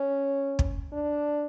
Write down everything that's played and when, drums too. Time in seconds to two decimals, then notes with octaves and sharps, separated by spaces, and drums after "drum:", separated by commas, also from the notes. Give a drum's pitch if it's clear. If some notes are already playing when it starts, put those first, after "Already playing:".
Already playing: C#4
0.59 drum: kick
0.92 D4